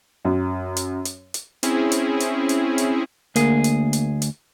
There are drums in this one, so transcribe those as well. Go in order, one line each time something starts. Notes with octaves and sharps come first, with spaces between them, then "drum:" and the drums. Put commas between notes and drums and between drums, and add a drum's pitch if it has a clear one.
F#2
drum: hi-hat
drum: hi-hat
drum: hi-hat
C4 C#4 E4 G#4, drum: hi-hat
drum: hi-hat
drum: hi-hat
drum: hi-hat
drum: hi-hat
D2 A#3 G#4, drum: hi-hat
drum: hi-hat
drum: hi-hat
drum: hi-hat